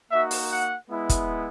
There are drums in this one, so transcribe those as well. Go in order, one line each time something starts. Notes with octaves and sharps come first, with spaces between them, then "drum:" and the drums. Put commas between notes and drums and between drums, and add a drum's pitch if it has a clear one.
A#3 D#4 F#4 E5
drum: open hi-hat
F#5
G#3 B3 E4
drum: kick, hi-hat